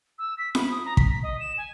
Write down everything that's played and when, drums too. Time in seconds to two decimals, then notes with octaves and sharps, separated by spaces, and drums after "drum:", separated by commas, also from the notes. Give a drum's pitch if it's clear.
0.19 E6
0.38 B6
0.55 B5, drum: snare F4
0.70 D#6
0.85 A#5
0.97 B6, drum: kick
1.10 B6
1.23 D#5
1.40 E7
1.58 G#5